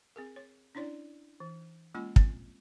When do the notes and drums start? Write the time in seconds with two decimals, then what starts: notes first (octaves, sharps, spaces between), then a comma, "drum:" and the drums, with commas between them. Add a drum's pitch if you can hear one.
0.16 C4 G#4 A#4
0.36 C#5
0.75 C#4 D4 E4 C#5 D5
1.40 E3
1.95 G#3 A#3 C#4 F4 G#5 B5
2.16 C4, drum: kick